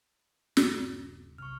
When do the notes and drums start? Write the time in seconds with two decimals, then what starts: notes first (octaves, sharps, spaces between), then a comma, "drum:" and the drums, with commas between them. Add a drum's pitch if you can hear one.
0.57 D#1 G2 C#3, drum: snare
1.38 B1 C3 C#6 F6